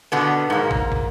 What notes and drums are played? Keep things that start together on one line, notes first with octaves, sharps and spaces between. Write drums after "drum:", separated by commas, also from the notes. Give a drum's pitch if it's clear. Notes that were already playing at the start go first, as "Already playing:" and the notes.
B2 D3 B3
G#2 A#3
drum: kick
drum: kick